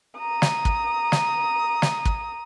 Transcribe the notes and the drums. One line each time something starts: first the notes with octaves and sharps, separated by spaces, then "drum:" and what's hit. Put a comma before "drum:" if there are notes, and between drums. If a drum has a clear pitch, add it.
A#5 D#6
drum: snare
drum: kick
drum: snare
drum: snare
drum: kick